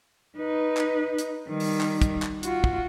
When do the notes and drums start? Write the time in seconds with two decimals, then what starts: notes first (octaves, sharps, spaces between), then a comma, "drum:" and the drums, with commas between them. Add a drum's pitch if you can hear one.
0.38 D#4 B4
0.77 drum: clap
1.18 drum: hi-hat
1.49 D#3 G3
1.60 drum: open hi-hat
1.81 drum: clap
2.02 drum: kick, hi-hat
2.22 drum: clap
2.43 F4 F#4, drum: hi-hat
2.64 drum: kick